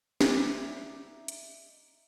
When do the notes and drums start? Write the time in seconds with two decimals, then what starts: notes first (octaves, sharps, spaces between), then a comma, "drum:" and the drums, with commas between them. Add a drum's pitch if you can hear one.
0.21 D#4 D5 E5, drum: snare
1.28 drum: hi-hat